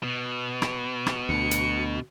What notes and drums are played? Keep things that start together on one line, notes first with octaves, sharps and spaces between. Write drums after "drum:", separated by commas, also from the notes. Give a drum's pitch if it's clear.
B2
drum: rim click
drum: rim click
D2 C#7
drum: hi-hat